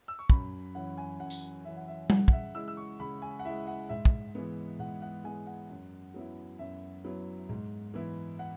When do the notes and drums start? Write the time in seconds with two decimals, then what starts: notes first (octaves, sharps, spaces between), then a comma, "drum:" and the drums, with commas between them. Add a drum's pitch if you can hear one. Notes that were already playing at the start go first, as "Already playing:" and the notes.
0.08 E6
0.19 C#6
0.30 F#2 B5, drum: kick
0.75 E3 C#4 F#5
0.97 G#5
1.20 F#2 F#5
1.30 drum: tambourine
1.65 E3 C#4 E5
1.77 F#5
1.88 E5
2.10 C#3 F#5, drum: tom G3
2.28 F#5, drum: kick
2.33 E5
2.55 G#3 E4 E6
2.68 E6
2.77 C#6
3.00 C#3 B5
3.22 G#5
3.39 F#5
3.45 G#3 E4 E5
3.67 F#5
3.89 G#2 E5
4.05 drum: kick
4.35 E3 G#3 B3
4.79 G#2 F#5
5.02 F#5
5.24 E3 G#3 B3 G#5
5.47 F#5
5.69 F#2
6.14 F#3 B3 E4
6.59 F#2 E5
7.04 F#3 B3 E4
7.49 G#2
7.94 E3 B3 E4
8.39 F#5